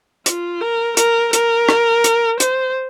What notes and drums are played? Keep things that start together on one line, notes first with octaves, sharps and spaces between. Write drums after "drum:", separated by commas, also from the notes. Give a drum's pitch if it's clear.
F4, drum: hi-hat
A#4
A#4, drum: hi-hat
A#4, drum: hi-hat
drum: rim click
drum: hi-hat
C5, drum: hi-hat